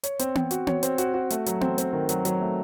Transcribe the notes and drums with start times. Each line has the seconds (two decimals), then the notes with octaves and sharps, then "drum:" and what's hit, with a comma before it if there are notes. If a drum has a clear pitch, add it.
0.04 C#5, drum: hi-hat
0.19 C4, drum: hi-hat
0.35 C4, drum: tom B3
0.51 F#4, drum: hi-hat
0.67 C#5, drum: tom B3
0.83 C4, drum: hi-hat
0.98 F#4, drum: hi-hat
1.14 F#4
1.30 A3, drum: hi-hat
1.46 F#3, drum: hi-hat
1.61 C4, drum: tom B3
1.78 C4, drum: hi-hat
1.93 D#3
2.09 F#3, drum: hi-hat
2.25 F#3, drum: hi-hat
2.41 A3